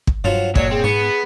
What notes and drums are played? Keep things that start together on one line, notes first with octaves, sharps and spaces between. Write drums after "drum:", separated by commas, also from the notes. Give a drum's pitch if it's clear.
drum: kick
G2 F3 F#3 F4
A#1 F#3 C#5 D5, drum: kick
C4 G#4
G#2 B3 C#6